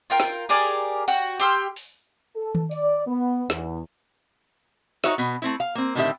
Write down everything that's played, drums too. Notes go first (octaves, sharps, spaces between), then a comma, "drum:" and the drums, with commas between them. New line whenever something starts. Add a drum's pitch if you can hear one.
F4 A#4 G5
drum: snare
G4 G#4 A#4 D5
F#4 F#5 G5, drum: open hi-hat
G4 C6 E6 F6, drum: hi-hat
drum: open hi-hat
A4
drum: tom D#3
D5, drum: tambourine
B3
E2, drum: snare
D#4 F#4 C#5 E5, drum: snare
B2 B3
A3 C4 E4
F5
A#3 C4
A2 D3 D#3 C4 G4 E5